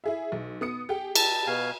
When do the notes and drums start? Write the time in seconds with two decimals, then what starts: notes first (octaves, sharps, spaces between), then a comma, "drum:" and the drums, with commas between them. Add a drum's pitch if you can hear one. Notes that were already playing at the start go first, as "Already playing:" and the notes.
0.04 E4 G#4 E5
0.32 B1
0.61 B3 D#6 C#7
0.89 G4 G#4 G5
1.15 A5, drum: cymbal
1.47 B2 F5 G#5